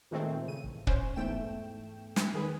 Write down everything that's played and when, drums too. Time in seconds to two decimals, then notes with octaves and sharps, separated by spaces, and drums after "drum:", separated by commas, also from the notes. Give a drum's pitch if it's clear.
0.11 A#2 D#3 G#3 A3 C4
0.47 C#3 D#7
0.64 A1
0.87 C#4 C5, drum: kick
1.16 E2 G#2 A3 G5 E7
2.16 drum: snare
2.34 D#3 G#4 B4